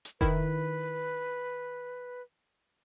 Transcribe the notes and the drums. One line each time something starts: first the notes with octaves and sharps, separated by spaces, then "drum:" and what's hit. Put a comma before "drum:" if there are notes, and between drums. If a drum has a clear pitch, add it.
drum: hi-hat
D#3 E4 B4, drum: kick F1